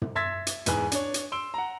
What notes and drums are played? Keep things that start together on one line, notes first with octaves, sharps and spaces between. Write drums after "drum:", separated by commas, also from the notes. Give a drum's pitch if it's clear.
drum: tom
E5 C6 E6 G#6 A6 B6
drum: hi-hat
E2 G#2 G#4 B4 G#5 F#6, drum: hi-hat
D4 C#5, drum: hi-hat
drum: hi-hat
C6 E6 D7 G7
F#5 A#5